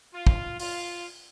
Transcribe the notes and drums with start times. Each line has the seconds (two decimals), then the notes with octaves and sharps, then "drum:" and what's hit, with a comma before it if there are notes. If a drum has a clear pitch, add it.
0.14 F4
0.27 drum: kick
0.60 F4, drum: open hi-hat